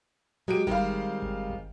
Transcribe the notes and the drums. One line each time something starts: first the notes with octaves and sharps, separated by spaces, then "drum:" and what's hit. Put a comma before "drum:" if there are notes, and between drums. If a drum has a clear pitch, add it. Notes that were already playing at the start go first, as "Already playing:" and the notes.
F#3 G#3 G4 D7
D#3 G3 G#3 C4 F5, drum: kick G1
drum: kick G1
drum: kick G1